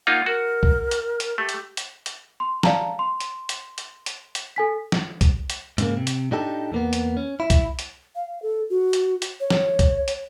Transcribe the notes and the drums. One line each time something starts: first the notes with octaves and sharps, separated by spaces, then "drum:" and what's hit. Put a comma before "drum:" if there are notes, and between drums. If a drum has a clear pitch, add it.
A#3 D#4 F4 F#5
F#4 A#4
drum: kick C2
drum: hi-hat
drum: hi-hat
A3 G4
drum: hi-hat
drum: hi-hat
drum: hi-hat
C6
D5 F5 A5 A#5, drum: snare
C6
drum: hi-hat
drum: hi-hat
drum: hi-hat
drum: hi-hat
drum: hi-hat
A4 G#5 B6
drum: snare
drum: kick C2, hi-hat
drum: hi-hat
G#2 C#3 A#3, drum: hi-hat
C3
drum: hi-hat
A2 D4 D#4 G4 A4
E2 A#3 B3
drum: hi-hat
C#4
E4
drum: kick C2, hi-hat
drum: hi-hat
F5
A4
F#4
drum: hi-hat
drum: hi-hat
C#5
drum: snare
drum: kick C2, hi-hat
drum: hi-hat